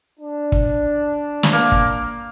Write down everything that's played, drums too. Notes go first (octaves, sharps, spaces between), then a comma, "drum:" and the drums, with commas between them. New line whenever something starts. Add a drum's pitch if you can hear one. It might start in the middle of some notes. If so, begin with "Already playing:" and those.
D4
drum: kick
drum: snare
A#3
drum: kick